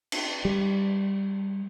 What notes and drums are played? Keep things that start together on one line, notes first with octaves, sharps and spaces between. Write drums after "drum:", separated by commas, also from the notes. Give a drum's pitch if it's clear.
drum: cymbal
G3